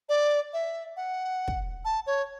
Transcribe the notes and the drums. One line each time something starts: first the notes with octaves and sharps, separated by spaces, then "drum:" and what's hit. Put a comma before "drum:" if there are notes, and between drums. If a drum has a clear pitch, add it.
D5
E5
F#5
drum: kick
A5
C#5